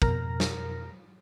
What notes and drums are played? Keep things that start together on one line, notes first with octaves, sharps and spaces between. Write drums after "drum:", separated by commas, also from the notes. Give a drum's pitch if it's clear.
F2 B2 A#4 A#5 F6 A#6, drum: kick
drum: snare